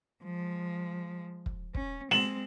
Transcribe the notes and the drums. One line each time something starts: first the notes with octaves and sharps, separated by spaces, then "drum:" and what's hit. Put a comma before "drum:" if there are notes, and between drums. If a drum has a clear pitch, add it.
F3 G#3
drum: kick
C#4, drum: kick
G#3 C4 E7 F#7, drum: snare